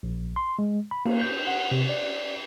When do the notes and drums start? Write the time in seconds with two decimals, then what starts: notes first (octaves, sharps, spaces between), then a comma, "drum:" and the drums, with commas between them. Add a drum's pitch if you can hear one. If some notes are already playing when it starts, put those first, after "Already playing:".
0.03 A#1
0.36 C6
0.59 G#3
0.91 B5
1.05 A#3, drum: cymbal
1.21 G6
1.47 F#5
1.71 C3
1.89 D5